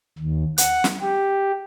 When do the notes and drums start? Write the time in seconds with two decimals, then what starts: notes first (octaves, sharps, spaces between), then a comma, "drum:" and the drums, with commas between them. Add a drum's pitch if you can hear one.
0.19 D#2
0.58 F#5, drum: hi-hat
0.84 drum: snare
1.01 G4